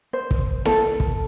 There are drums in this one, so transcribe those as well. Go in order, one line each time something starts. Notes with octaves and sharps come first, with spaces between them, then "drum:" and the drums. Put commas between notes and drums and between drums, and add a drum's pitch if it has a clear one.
C5
drum: kick
A4, drum: snare E4
drum: kick